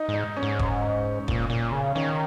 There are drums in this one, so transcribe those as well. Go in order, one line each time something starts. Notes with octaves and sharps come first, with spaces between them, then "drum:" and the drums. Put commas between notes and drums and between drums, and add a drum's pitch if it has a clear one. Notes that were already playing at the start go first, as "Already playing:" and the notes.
Already playing: D#4
G#2
D#4
C#4
G#2
drum: kick E1
A#2, drum: kick E1
A#2
C#3
D#3 C#4